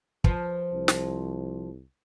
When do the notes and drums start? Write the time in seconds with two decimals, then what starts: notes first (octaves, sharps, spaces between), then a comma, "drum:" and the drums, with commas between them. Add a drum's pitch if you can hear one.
0.24 F3 B4, drum: kick
0.74 C2
0.88 drum: snare